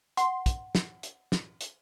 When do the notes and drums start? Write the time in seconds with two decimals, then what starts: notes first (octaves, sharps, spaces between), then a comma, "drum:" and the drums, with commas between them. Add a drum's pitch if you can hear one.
0.17 F#5 C6, drum: hi-hat
0.46 drum: kick, hi-hat
0.75 drum: snare
1.03 drum: hi-hat
1.32 drum: snare
1.61 drum: hi-hat